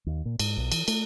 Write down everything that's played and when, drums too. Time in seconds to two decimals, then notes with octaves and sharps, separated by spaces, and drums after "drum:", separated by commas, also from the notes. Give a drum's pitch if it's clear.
0.06 D#2
0.25 A#2
0.40 G#2, drum: cymbal
0.57 B1
0.72 E3, drum: cymbal
0.88 A3, drum: cymbal